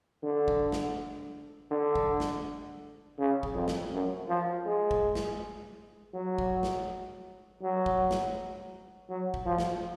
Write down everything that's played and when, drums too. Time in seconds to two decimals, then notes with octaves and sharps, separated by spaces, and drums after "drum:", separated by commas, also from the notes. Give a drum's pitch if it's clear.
0.23 D3
0.48 drum: kick
0.72 drum: snare
1.71 D3
1.95 drum: kick
2.20 drum: snare
3.19 C#3
3.43 drum: kick
3.55 F2
3.68 drum: snare
3.93 F#2
4.29 F3
4.66 G#3
4.91 drum: kick
5.15 drum: snare
6.14 F#3
6.38 drum: kick
6.63 drum: snare
7.62 F#3
7.86 drum: kick
8.11 drum: snare
9.09 F#3
9.34 drum: kick
9.46 F3
9.58 drum: snare